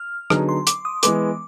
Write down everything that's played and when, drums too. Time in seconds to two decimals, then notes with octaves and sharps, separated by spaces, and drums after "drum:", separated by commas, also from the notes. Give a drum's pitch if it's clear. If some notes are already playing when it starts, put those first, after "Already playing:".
Already playing: F6
0.30 D3 F#3 B3 D#4 G#4 F6, drum: rim click
0.49 C6
0.67 D6, drum: hi-hat
0.85 D#6
1.03 E3 G#3 B3 D6, drum: hi-hat